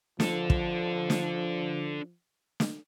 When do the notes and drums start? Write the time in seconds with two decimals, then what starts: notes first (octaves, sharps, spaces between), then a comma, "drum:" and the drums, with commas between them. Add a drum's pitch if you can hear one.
0.20 F3 D4 A4, drum: snare
0.50 drum: kick
1.10 drum: snare
2.60 drum: snare